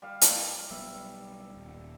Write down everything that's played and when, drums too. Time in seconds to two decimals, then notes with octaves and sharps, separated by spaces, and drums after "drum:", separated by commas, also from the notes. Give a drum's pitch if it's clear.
0.02 G3 F5
0.21 drum: hi-hat
0.71 B1 G3 B3 E5
1.55 D#1